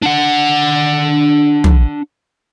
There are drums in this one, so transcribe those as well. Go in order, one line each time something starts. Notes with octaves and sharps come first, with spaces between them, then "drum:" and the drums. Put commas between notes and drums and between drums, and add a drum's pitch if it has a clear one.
D4 F#5
drum: tom